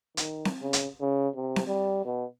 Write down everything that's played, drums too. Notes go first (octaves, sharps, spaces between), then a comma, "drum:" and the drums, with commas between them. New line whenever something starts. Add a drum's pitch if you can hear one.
D#3, drum: hi-hat
drum: snare C4
C#3
drum: hi-hat
C#3
C3
drum: snare C4
G3
B2